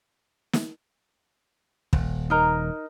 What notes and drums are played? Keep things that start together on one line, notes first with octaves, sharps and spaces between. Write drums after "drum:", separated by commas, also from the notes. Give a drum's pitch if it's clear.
drum: snare
D#1, drum: kick
D#4 A#4 A#5